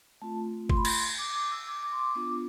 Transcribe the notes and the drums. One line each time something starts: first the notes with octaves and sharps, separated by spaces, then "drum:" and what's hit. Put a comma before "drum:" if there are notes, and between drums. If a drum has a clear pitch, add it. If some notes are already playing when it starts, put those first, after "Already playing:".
A3 C4 F4 A5
C6, drum: kick G1
B5
C6, drum: cymbal
D6
D6
E6
D6
D6
C6
D6
B3 D4 F4 D6